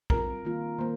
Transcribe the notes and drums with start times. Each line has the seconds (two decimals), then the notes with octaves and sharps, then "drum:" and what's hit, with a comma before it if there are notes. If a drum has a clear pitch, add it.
0.10 G3 C4 F4 A#4, drum: kick
0.45 D#3 A#3 F4
0.79 D#3 A#3 C5